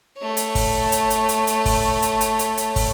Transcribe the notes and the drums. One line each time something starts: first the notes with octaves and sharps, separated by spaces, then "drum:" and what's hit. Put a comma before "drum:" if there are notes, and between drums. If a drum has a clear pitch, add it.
A3 C#5
drum: hi-hat
drum: kick, open hi-hat
drum: hi-hat
drum: hi-hat
drum: hi-hat
drum: hi-hat
drum: kick, open hi-hat
drum: hi-hat
drum: hi-hat
drum: hi-hat
drum: hi-hat
drum: kick, open hi-hat